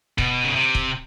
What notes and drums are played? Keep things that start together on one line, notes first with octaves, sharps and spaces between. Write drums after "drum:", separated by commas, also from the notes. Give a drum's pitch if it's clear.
B2, drum: kick
C#3
C3
drum: kick